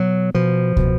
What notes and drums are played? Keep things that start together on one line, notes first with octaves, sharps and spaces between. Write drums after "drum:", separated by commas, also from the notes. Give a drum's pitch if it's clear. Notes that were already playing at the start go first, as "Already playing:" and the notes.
Already playing: B2 F#3
B2 F3
B2, drum: kick